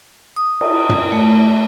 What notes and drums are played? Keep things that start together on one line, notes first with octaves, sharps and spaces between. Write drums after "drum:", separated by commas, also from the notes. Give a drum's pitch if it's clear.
D#6
drum: cymbal
drum: tom
A3